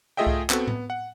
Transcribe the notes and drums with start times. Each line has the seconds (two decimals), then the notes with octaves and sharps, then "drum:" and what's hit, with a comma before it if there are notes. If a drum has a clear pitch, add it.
0.17 A3 F4 G#4 D#5 E5 G5
0.27 drum: kick C2
0.50 B3 C4 F#4 A4, drum: clap
0.67 B3, drum: tom A2
0.90 F#5